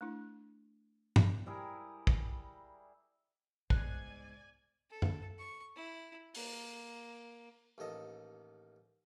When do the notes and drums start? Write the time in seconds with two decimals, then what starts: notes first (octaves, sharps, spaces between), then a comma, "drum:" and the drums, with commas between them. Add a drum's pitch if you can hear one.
0.01 A3 D4 E4
1.16 drum: tom
1.46 G3 E4 G#4 A#4
2.07 drum: kick
3.70 F#1 C2 G#2 B3 D5 G#5 F#6, drum: kick
4.90 A4
5.02 drum: tom F#2
5.39 C#6
5.76 E4
6.35 A#3, drum: open hi-hat
7.78 A1 D#2 A4 D#5